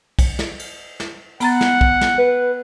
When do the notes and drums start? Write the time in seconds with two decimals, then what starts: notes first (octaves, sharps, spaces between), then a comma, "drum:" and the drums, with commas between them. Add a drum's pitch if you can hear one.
0.19 drum: kick B1, cymbal
0.39 drum: snare
0.59 drum: cymbal
1.00 drum: snare
1.40 B3 F#5 A#5 A6, drum: cymbal
1.61 drum: snare
1.81 drum: kick B1
2.01 drum: snare
2.18 B4